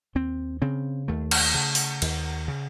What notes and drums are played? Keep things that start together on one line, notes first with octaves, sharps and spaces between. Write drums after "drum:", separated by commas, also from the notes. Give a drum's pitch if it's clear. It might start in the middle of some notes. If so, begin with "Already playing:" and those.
D#2 C4
C#3 C4
D#2 A3
drum: cymbal
C#3
drum: open hi-hat
D#2, drum: cymbal
C#3